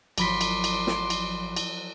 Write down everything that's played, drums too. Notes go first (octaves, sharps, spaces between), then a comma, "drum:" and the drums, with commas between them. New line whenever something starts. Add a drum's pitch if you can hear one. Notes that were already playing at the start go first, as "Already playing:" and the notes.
G#1 F3 F#3 B5 C6 D6 B6, drum: cymbal
drum: cymbal
drum: cymbal
drum: snare
drum: cymbal
drum: cymbal